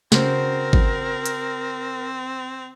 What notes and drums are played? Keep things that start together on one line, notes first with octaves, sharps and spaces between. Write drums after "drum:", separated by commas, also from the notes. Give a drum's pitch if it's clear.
C#3 C4 F#4 A#4 C5, drum: snare
drum: kick G#1
drum: hi-hat